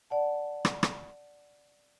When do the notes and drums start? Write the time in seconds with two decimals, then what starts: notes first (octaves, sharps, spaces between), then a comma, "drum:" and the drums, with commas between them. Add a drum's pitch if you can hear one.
0.10 D5 F#5 A5
0.65 drum: rim click
0.83 drum: rim click